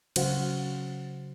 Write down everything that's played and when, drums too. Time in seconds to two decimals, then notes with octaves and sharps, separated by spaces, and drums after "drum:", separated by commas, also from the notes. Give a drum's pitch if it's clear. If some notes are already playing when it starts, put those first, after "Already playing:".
0.16 C#3 F#3 F#4 C5 F5 F#5, drum: cymbal